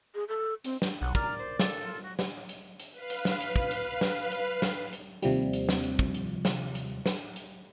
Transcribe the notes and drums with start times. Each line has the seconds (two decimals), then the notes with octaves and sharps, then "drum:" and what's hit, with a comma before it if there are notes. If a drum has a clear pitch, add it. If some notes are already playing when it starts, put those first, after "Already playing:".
0.15 G#4
0.28 A4
0.64 C4, drum: hi-hat
0.82 drum: snare
1.01 B1 F#5
1.15 A#4 D5 F6, drum: kick
1.39 C5
1.59 A4, drum: snare
1.83 F4
2.03 F#4
2.19 drum: snare
2.49 drum: hi-hat
2.80 drum: hi-hat
2.92 B4 F5
3.10 drum: hi-hat
3.25 drum: snare
3.40 drum: hi-hat
3.56 drum: kick
3.71 drum: hi-hat
4.01 drum: snare
4.32 drum: hi-hat
4.62 drum: snare
4.93 drum: hi-hat
5.22 D#2 C3 F3 G3, drum: hi-hat
5.53 drum: hi-hat
5.69 drum: snare
5.84 drum: hi-hat
5.99 drum: kick
6.14 drum: hi-hat
6.45 drum: snare
6.75 drum: hi-hat
7.06 drum: snare
7.36 drum: hi-hat